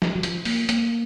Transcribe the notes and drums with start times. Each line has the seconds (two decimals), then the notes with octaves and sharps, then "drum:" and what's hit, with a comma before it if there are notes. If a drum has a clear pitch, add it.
0.02 F3, drum: snare
0.15 F#3
0.23 F3, drum: hi-hat
0.45 A#3, drum: open hi-hat
0.69 A#3, drum: hi-hat